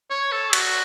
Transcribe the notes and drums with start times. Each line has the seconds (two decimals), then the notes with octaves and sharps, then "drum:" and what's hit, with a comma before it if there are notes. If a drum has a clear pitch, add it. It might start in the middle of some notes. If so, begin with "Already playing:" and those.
0.10 C#5
0.32 A4
0.53 F#4, drum: cymbal